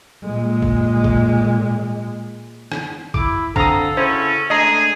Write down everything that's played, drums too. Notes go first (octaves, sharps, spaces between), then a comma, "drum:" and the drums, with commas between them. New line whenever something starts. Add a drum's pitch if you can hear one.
A#2 G#3
drum: kick G#1
drum: kick G#1
drum: rim click
E4 D6, drum: kick G#1
D3 C4 A4 F5 A#5 D#6, drum: kick G#1
C#3 C#4 E4 F#4 C5
G#3 A3 D4 G#4 D#5 A#5